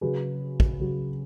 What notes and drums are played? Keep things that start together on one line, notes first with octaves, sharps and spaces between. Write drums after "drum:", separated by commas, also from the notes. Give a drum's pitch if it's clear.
C#3 F#3 G#4 B4
drum: kick
C#3 F#3